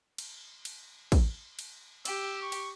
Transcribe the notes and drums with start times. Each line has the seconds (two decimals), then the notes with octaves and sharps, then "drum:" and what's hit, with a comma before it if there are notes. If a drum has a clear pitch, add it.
0.18 drum: cymbal
0.65 drum: cymbal
1.12 drum: kick, cymbal
1.59 drum: cymbal
2.05 G4 E6, drum: cymbal
2.41 C#6
2.52 drum: cymbal